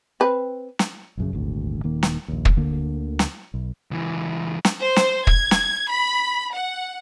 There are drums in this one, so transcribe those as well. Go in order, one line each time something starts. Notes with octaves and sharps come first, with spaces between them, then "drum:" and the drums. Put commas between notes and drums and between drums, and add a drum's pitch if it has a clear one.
C4 B4
drum: snare
A#1 F#2 C#3
D#1 G#1 D2
D#1 D#3 A#3
drum: snare
A#1 D#2
drum: kick
D2 D3 A#3
drum: snare
B1
C#2 E3
drum: snare
C5
drum: snare
G#6, drum: kick
drum: snare
B5
F#5